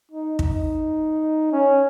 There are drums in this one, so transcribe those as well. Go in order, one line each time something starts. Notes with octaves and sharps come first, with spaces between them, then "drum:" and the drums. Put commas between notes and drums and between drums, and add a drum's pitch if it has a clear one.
D#4
D#4, drum: kick
C#4